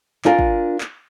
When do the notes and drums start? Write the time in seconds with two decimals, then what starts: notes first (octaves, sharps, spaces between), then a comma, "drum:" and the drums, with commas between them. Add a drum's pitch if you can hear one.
0.25 D4 F4 A#4 G#5, drum: clap
0.39 drum: kick
0.81 drum: clap